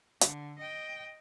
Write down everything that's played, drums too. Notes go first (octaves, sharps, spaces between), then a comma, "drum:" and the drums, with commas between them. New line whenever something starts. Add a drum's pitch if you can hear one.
D3, drum: hi-hat
D#5 G5